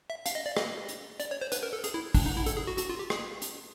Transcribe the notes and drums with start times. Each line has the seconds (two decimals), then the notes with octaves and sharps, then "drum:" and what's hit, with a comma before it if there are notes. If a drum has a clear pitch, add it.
0.10 E5
0.26 F5, drum: hi-hat
0.35 D#5
0.46 D5
0.57 D#5, drum: rim click
0.89 drum: hi-hat
1.20 D5, drum: hi-hat
1.31 C#5
1.41 C5
1.52 B4, drum: hi-hat
1.63 A#4
1.73 A4
1.84 G#4, drum: hi-hat
1.94 E4
2.15 D4, drum: kick, open hi-hat
2.26 D#4
2.37 E4
2.46 A4, drum: hi-hat
2.57 G#4
2.67 F#4
2.78 F#4, drum: hi-hat
2.89 F4
2.99 G4
3.10 G#4, drum: rim click
3.42 drum: hi-hat